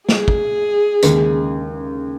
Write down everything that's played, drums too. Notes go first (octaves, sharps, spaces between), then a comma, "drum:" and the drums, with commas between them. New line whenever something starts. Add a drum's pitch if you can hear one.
G#4, drum: snare
drum: kick
D#2 C#3 G#3, drum: hi-hat